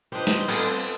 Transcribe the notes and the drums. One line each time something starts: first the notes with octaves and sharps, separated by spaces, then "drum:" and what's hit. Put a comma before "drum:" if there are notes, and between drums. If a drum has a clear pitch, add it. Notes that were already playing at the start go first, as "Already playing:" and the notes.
F3 D4 G4 B4 C5 D#5
drum: snare
G3 B3 C4 D4 F4 G#4 A4, drum: cymbal